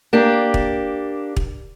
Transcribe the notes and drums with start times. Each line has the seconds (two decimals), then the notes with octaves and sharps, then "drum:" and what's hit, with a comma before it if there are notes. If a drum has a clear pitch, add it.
0.13 A#3 D4 G4
0.54 drum: kick
1.36 drum: kick